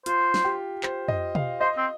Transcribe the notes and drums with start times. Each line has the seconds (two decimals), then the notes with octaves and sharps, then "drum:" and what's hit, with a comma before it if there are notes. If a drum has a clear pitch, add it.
0.06 F4 C5, drum: hi-hat
0.34 drum: snare
0.45 G4
0.83 C5, drum: clap
1.08 D#5, drum: tom F2
1.35 F5, drum: tom
1.60 C5 D#5
1.77 C4